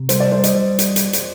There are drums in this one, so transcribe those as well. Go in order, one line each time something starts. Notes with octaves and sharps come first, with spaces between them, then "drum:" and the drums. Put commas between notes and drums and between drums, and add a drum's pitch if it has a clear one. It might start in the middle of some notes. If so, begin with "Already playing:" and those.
Already playing: C3
G3 C5, drum: hi-hat
D5
G3 C5
D#5, drum: hi-hat
G3
drum: hi-hat
drum: hi-hat
drum: hi-hat